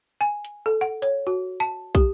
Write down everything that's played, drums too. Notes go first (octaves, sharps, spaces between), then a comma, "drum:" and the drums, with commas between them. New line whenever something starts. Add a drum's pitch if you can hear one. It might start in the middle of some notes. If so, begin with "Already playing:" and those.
G#5
drum: hi-hat
A4
F#5
C#5, drum: hi-hat
F#4
A5
G4, drum: kick, hi-hat